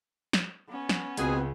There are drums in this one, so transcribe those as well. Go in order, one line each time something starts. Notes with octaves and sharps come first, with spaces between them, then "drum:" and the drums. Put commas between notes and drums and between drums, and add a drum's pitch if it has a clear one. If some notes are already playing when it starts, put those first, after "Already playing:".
drum: snare
B3 C#4
drum: snare
C#2 B2 C4 G#4, drum: hi-hat